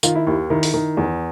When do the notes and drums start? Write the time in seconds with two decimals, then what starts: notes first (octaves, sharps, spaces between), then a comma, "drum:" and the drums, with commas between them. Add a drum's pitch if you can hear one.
0.03 D#3 F4, drum: tambourine
0.15 E4
0.27 D#2 E4
0.50 D#3 E4
0.63 drum: open hi-hat
0.74 D#3
0.97 E2